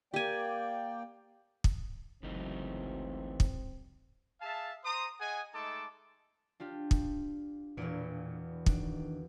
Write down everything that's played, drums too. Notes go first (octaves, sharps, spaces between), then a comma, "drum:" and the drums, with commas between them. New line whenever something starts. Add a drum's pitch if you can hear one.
A#3 G4 D5 G5 G#5
drum: kick
G1 C#2 E3 F#3 A3 C4 D#4
drum: kick
G#4 E5 F5 A5
C5 A#5 C6 D#6
G#4 D#5 F#5 G#5
G#3 A3 D#4 A4 A5 D6
D4 F4 G4
drum: kick
E1 E2 A#2
D#3 D4, drum: kick